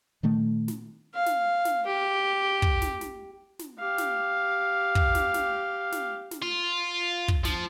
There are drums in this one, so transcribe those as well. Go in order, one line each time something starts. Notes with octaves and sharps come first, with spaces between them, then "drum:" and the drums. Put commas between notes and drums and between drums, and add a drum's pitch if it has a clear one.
A#2 D#3 A3
drum: snare
F5
drum: snare
drum: snare
G4
drum: kick
drum: snare
drum: snare
drum: snare
G4 F5
drum: snare
drum: kick
drum: snare
drum: snare
drum: snare
drum: snare
F4
drum: kick
F3, drum: snare